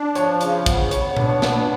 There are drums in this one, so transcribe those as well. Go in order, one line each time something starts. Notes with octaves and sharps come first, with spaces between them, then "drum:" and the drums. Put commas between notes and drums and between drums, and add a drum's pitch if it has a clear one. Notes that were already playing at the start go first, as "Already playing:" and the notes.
Already playing: D4
F3 C#5, drum: hi-hat
C#3, drum: hi-hat
B3, drum: kick, hi-hat
B3 C#5, drum: hi-hat
C#5
D4, drum: tom A#2
C#5
B3, drum: snare
B4